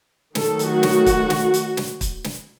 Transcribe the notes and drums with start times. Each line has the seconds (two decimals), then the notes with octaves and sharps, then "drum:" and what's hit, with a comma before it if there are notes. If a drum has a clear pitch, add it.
0.35 D#3 F#3 A3 A4, drum: snare
0.59 drum: hi-hat
0.71 F#4
0.83 drum: snare
1.06 drum: kick, hi-hat
1.30 drum: snare
1.54 drum: hi-hat
1.77 drum: snare
2.01 drum: kick, hi-hat
2.24 drum: snare